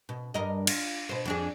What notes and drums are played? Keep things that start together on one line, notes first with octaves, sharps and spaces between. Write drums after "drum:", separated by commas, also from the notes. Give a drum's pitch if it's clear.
B2
G2 A#4 D#5
F4, drum: cymbal
B2 C5
F2 D4 G#4